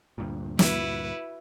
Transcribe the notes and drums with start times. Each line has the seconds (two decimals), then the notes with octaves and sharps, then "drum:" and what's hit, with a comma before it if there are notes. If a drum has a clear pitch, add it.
0.18 D2 G2 A#2
0.59 E4 F#4 B4, drum: snare